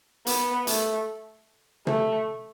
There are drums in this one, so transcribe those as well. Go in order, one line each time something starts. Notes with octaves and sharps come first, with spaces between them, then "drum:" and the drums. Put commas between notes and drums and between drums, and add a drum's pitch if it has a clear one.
B3, drum: hi-hat
A3, drum: hi-hat
A3, drum: tom